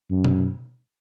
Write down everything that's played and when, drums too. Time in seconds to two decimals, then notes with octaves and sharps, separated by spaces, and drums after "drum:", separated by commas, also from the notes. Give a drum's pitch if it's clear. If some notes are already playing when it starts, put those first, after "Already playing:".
0.11 F#2
0.24 drum: tom